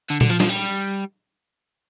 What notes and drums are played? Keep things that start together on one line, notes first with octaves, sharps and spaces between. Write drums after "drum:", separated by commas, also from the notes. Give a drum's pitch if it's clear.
D3
D3, drum: tom A#2
F3
F3, drum: snare
G3